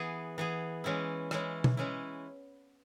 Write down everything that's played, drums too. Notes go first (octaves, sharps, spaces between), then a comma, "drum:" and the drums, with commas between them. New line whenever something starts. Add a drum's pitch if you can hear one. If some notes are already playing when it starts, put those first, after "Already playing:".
Already playing: E3 B3 G#4
E3 B3 G#4
E3 G#3 C#4 E4
E3 G#3 C#4 E4, drum: rim click
drum: tom B2
E3 G#3 C#4 E4